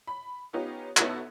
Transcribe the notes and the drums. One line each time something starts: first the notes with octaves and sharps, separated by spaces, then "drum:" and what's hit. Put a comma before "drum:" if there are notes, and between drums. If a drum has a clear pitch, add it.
B5
B3 C#4 D#4 F4 G4
B3 C#4 D#4 E4 F#4 A4, drum: clap